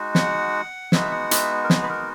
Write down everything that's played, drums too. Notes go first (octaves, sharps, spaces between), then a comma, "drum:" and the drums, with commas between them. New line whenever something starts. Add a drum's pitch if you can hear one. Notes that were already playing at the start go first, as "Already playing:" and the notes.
Already playing: G#3 D#4 F#4
F#5, drum: snare
G#3 B3 D#4 F#4 E5, drum: snare
F#5
E5, drum: hi-hat
A#4
G#4, drum: snare
B4
A#4